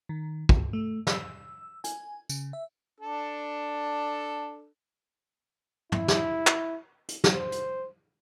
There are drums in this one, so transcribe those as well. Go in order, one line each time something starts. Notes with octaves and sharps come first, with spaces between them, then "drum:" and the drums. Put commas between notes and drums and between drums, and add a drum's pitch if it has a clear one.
D#3
C#2, drum: kick
A3
E6, drum: snare
G#5, drum: hi-hat
C#3, drum: tambourine
E5
D4 A4
E4, drum: tom
drum: snare
drum: clap
drum: hi-hat
drum: snare
C5
drum: hi-hat